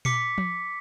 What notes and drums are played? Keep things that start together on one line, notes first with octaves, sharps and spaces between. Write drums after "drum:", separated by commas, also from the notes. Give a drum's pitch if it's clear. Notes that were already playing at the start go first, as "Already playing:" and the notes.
D6 B6 C#7, drum: tom A#2
drum: tom F3